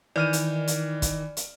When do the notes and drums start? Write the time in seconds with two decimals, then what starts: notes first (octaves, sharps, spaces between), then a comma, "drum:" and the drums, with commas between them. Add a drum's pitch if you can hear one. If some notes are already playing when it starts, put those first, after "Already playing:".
0.16 D#3 E3 D5 F6 D#7
0.33 drum: hi-hat
0.67 drum: hi-hat
1.02 drum: kick, hi-hat
1.37 drum: hi-hat